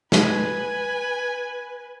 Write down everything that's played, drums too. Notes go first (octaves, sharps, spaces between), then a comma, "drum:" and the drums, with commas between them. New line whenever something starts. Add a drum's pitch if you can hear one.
B4 G#5, drum: snare